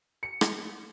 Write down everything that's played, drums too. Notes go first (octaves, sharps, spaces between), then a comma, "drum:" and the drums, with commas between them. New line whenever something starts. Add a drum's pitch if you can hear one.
C#7
drum: rim click